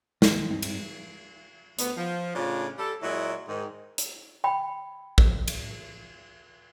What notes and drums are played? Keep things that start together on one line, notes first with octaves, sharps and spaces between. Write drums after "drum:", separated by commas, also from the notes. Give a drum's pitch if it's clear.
D#2, drum: snare
G2 C4 D#4
drum: cymbal
D2 B3, drum: hi-hat
F3
A2 C#3 D4 F4
G3 A4
A#2 F#3 G#3 E4 F#4
G#2 D#3
drum: hi-hat
G5 B5
drum: kick
drum: cymbal